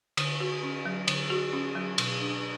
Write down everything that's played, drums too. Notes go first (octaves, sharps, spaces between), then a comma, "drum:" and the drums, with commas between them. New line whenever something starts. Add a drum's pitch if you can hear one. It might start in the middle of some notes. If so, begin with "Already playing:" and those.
D3, drum: cymbal
F#4
C#4
F#3
D3, drum: cymbal
F#4
C#4
F#3
B2, drum: cymbal
D4